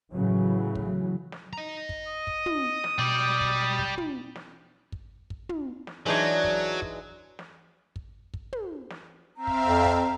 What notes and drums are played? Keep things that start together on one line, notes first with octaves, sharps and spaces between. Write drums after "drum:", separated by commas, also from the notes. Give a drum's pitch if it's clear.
A2 C#3 E3 F#3
drum: kick
drum: snare
D#5 A#5
drum: kick
D#6
drum: kick
drum: tom
drum: snare
B2 G3 D5
drum: kick
drum: kick
drum: tom
drum: snare
drum: kick
drum: kick
drum: tom
drum: snare
E3 F#3 G#3 D4 D#4 G#4 D#5
drum: kick
drum: kick
drum: snare
drum: kick
drum: kick
drum: tom
drum: snare
C4 E5 F5 A#5
drum: kick
F2
drum: kick